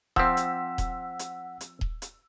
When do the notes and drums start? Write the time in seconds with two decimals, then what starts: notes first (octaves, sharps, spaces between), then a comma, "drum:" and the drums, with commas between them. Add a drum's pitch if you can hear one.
0.16 F3 C4 F#5 E6 B6, drum: kick D#1
0.37 drum: hi-hat
0.78 drum: kick D#1, hi-hat
1.19 drum: hi-hat
1.61 drum: hi-hat
1.81 drum: kick D#1
2.02 drum: hi-hat